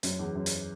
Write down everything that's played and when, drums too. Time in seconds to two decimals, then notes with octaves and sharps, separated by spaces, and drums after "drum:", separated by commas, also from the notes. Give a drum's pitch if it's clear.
0.03 F#2, drum: hi-hat
0.19 E2
0.35 F#2
0.46 drum: hi-hat